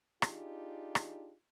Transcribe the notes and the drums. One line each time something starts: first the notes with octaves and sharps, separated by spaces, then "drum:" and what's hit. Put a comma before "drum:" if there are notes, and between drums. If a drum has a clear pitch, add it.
D4 D#4 F4 G4 G#4, drum: rim click
drum: rim click